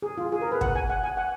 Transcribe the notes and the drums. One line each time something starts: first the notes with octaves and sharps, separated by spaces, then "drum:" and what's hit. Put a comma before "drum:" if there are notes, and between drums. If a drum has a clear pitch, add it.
G#4
F4
G#4
A#4
B4
F#5, drum: kick
G#5
F#5
G#5
F#5